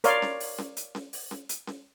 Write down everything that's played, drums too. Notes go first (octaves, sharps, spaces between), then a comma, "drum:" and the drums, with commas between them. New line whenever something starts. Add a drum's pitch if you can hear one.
A#4 C#5 D5 F5 C6, drum: hi-hat
drum: snare C#4
drum: open hi-hat
drum: snare C#4
drum: hi-hat
drum: snare C#4
drum: open hi-hat
drum: snare C#4
drum: hi-hat
drum: snare C#4